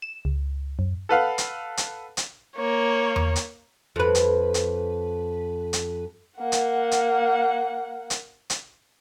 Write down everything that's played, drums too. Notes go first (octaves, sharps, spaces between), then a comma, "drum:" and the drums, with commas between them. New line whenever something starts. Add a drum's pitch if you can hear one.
E7
C#2
F#2
A4 B4 F5 F#5
drum: hi-hat
drum: hi-hat
drum: hi-hat
A#3 C#5
drum: tom E2
drum: hi-hat
F2 B4
drum: hi-hat
drum: hi-hat
drum: hi-hat
A#3 F#5
drum: hi-hat
drum: hi-hat
drum: hi-hat
drum: hi-hat